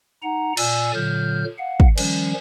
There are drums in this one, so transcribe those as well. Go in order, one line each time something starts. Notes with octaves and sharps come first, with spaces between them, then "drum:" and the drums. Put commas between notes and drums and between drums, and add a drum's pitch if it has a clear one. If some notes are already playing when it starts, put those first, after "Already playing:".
D#4 F#5 A#5
A#2 D5 G#5 E6, drum: cymbal
A#2 D3 F#3 F6 G6
F5 F#5
drum: kick
D#3 F3 G3 C#4, drum: cymbal